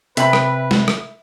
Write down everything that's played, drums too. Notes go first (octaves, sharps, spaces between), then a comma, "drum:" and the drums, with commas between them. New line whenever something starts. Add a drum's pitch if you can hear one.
C3 B4 E5 B5, drum: hi-hat
drum: rim click
drum: snare
drum: rim click